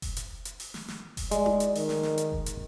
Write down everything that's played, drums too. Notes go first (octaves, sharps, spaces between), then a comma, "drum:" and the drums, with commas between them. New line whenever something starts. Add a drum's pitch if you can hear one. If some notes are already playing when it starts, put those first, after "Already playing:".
drum: kick F1, open hi-hat
drum: hi-hat
drum: hi-hat
drum: open hi-hat
drum: snare
drum: snare
drum: kick F1, open hi-hat
G#3 D5, drum: hi-hat
drum: tom D#4
drum: hi-hat
D#3, drum: open hi-hat
drum: snare
drum: snare
drum: hi-hat
drum: kick F1
drum: hi-hat